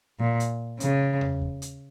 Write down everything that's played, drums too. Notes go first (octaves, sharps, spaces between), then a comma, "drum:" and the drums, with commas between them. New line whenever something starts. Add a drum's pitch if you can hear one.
A#2
drum: hi-hat
C#3, drum: hi-hat
drum: tom E2
drum: kick E2
drum: hi-hat